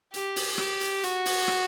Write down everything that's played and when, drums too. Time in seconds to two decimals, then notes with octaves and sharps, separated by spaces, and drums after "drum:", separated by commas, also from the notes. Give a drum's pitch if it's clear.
0.14 G4, drum: hi-hat
0.36 drum: open hi-hat
0.58 G4, drum: rim click
0.81 drum: hi-hat
1.03 F#4, drum: hi-hat
1.25 drum: open hi-hat
1.48 drum: rim click